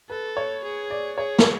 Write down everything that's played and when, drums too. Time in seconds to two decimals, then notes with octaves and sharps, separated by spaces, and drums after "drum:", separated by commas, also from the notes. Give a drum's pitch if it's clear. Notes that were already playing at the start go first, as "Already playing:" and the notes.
0.09 A4 B4
0.37 C#5
0.64 G#4
0.90 D5
1.18 G#4 C#5
1.39 drum: snare